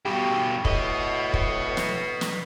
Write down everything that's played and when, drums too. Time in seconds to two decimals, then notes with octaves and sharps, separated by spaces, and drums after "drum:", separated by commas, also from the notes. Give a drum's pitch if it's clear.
0.05 G2 B2 G4
0.65 A2 B4 D#5, drum: kick
1.34 drum: kick
1.77 drum: snare
2.21 drum: snare